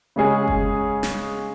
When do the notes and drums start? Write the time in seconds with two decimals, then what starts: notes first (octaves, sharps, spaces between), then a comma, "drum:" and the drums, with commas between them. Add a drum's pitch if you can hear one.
0.16 C#3 G#3 C#4 G#4
0.48 drum: kick F#1
1.03 drum: snare